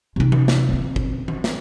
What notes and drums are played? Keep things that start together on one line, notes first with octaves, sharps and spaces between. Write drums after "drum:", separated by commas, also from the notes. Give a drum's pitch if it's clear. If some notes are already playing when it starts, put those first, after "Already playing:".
C3 D#4
drum: tom E3
drum: snare
D3 C4
drum: kick
drum: tom E3
drum: snare